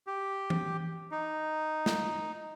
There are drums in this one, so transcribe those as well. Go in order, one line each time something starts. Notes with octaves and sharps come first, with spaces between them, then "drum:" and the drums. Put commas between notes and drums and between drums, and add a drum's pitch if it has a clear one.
G4
drum: tom
D#4
drum: snare